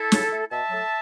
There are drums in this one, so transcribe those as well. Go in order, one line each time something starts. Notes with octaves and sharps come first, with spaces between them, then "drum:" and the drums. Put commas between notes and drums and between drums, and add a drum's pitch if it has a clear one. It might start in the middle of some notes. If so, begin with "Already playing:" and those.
Already playing: E4 A4
C#3, drum: snare
A3
B2 E5 A5
F#3 A3